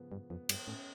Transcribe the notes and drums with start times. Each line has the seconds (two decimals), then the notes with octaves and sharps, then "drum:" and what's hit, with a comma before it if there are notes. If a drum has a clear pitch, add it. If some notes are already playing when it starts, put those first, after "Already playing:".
Already playing: C#3 F3 B3
0.12 G2
0.30 F2 B3
0.49 G2, drum: cymbal
0.67 A2 C#4